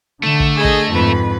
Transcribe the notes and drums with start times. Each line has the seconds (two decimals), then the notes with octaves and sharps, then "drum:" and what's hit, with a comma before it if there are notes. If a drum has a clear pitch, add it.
0.23 D3 A3
0.40 drum: kick
0.54 G#4 D#5
0.64 drum: kick
0.89 F2 G#2 B4